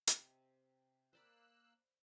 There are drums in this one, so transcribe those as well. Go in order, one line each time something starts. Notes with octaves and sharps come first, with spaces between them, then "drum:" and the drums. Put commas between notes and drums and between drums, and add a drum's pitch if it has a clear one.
C3 D#5, drum: hi-hat
A#3 C5 D5 B5 E6 F#6